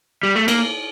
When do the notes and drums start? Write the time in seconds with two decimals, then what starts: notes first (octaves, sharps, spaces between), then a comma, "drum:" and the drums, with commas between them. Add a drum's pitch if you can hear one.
0.23 G3
0.35 A3
0.48 A#3, drum: cymbal